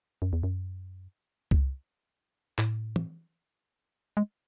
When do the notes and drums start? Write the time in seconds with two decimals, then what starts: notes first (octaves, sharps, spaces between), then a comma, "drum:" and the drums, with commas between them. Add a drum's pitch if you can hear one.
0.22 F#2
0.33 E2
0.43 F#2
1.51 drum: kick C2
2.58 A2, drum: clap
2.96 drum: tom
4.17 G#3